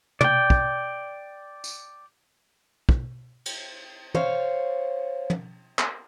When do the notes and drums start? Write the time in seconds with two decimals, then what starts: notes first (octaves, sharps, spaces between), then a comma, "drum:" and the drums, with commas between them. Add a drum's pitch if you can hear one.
0.21 D5 G5, drum: tom
0.50 drum: kick
1.64 drum: tambourine
2.89 drum: kick
3.46 drum: cymbal
4.14 C5 C#5 F5, drum: tom
5.30 drum: tom
5.79 drum: clap